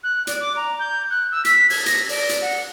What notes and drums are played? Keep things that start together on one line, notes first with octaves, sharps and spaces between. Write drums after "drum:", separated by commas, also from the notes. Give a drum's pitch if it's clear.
F#6
D5, drum: hi-hat
D6
A#5
G6
F#6
E6
B6, drum: hi-hat
G#6, drum: open hi-hat
A#6, drum: hi-hat
D5, drum: open hi-hat
drum: hi-hat
F#5